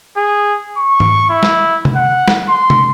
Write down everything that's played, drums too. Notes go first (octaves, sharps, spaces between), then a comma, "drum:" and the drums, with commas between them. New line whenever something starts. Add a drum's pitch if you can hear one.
G#4
C#6
drum: tom G#2
E4
drum: snare
drum: tom C3
F#5
drum: snare
C6
drum: tom C3